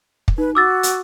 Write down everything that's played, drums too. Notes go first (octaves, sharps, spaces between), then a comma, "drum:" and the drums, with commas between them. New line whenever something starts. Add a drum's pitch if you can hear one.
drum: kick
D#4 B4
F#4 D6 E6 A6
drum: hi-hat